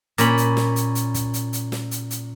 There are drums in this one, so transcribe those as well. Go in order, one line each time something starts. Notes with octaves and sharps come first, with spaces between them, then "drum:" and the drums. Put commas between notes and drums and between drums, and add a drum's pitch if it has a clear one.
A#2 C#4 B5, drum: hi-hat
drum: hi-hat
drum: snare
drum: hi-hat
drum: hi-hat
drum: kick, hi-hat
drum: hi-hat
drum: hi-hat
drum: snare
drum: hi-hat
drum: hi-hat